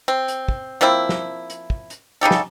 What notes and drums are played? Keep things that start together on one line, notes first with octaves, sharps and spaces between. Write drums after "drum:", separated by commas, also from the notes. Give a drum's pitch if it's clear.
C4
drum: hi-hat
drum: kick
F3 A#3 C4 E4
drum: snare
drum: hi-hat
drum: kick
drum: hi-hat
C#3 D#4 G4 A4
drum: snare